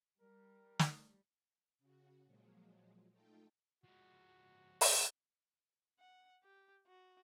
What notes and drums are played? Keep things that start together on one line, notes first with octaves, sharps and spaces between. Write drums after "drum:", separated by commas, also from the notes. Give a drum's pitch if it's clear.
G3 A#4
drum: snare
C#3 F#4
A#2 F3 F#3 G#3
A3 D#4 F4 A4 G5
F3 G#3 F#4
drum: open hi-hat
F#5
G4
F#4